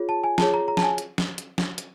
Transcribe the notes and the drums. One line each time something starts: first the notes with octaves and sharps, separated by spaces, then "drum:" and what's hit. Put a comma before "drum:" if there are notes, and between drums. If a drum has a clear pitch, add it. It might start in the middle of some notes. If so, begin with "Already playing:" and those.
Already playing: F4 G#4 C#5
A5
G#5
F4 G#4 C#5 A5, drum: snare
A#5
A#5
A5, drum: snare
G#5
drum: hi-hat
drum: snare
drum: hi-hat
drum: snare
drum: hi-hat